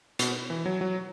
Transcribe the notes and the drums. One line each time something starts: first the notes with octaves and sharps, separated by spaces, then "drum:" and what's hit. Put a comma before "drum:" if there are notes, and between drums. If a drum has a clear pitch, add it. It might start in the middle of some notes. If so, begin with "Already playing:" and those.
B2, drum: hi-hat
E3
F#3
F#3